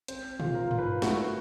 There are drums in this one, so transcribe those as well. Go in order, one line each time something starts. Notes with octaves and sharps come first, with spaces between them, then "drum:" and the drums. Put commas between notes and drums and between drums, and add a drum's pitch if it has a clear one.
C4 C5, drum: hi-hat
F4, drum: tom
A#4
F4, drum: tom
B4
A3 F#4, drum: snare